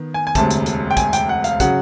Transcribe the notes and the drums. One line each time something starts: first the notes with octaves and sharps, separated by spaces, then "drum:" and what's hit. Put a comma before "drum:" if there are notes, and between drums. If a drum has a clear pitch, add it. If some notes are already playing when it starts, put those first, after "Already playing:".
Already playing: D#3 B3
G#5
G#5
E1 D2 C3 A5, drum: kick, hi-hat
drum: hi-hat
drum: hi-hat
G5
G#5, drum: kick, hi-hat
G5, drum: hi-hat
F#5
F5, drum: hi-hat
C#3 F#3 F#5, drum: kick, hi-hat